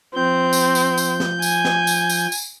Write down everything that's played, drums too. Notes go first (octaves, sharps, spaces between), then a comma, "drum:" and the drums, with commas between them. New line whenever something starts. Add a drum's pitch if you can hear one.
F3 C4 G6
drum: tambourine
drum: tambourine
drum: tambourine
drum: snare
G#5, drum: tambourine
drum: snare
drum: tambourine
drum: tambourine
drum: tambourine